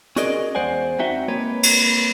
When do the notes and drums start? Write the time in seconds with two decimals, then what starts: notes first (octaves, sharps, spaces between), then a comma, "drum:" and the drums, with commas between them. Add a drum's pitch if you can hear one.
0.16 C#4 F#4 G#4 A#4 D5 D#5, drum: hi-hat
0.55 E2 G#3 C5 D5 F#5 G#5
0.99 C4 D#4 F#4 E5 F#5 G5
1.28 G#3 A#3 C4 B4 C#5
1.63 drum: cymbal